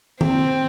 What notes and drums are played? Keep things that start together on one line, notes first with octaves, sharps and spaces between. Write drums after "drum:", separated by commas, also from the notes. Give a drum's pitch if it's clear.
C4, drum: tom D#3